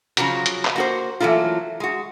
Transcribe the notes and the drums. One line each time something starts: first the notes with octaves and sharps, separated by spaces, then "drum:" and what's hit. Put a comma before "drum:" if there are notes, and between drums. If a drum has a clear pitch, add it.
C#3 F3 F#3 F#4 A#5, drum: hi-hat
drum: hi-hat
drum: clap
A#3 F#4 C5
E3 F#3 A3 A#3 F4
G#3 F#4